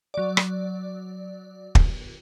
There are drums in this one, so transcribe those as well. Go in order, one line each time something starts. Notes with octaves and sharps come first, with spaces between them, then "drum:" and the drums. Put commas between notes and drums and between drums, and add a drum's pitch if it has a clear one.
F#3 D5
drum: rim click
drum: kick